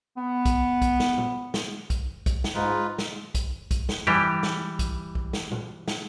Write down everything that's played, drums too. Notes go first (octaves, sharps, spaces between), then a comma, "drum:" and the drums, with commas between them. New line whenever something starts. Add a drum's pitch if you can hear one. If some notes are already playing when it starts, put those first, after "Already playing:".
B3
drum: kick, hi-hat
drum: kick, hi-hat
drum: snare
drum: tom A#2
drum: snare
drum: kick, hi-hat
drum: kick, hi-hat
drum: snare
G#2 D#4 F4 B4
drum: snare
drum: kick, hi-hat
drum: kick, hi-hat
drum: snare
E3 G3 G4, drum: tom F2
drum: snare
drum: kick, hi-hat
drum: kick
drum: snare
drum: tom A#2
drum: snare